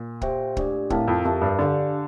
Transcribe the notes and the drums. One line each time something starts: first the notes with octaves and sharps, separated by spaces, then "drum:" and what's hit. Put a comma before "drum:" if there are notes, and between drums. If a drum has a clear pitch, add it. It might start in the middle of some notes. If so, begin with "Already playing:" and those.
Already playing: A#2
G4 C5 E5 G5, drum: kick
A3 D4 G4 D5, drum: kick
A2 C4 E4 A#4 F5 A5, drum: kick
F2
F2 G4 A#4 E5 A5
G2
D3 D4 G4 D5 F5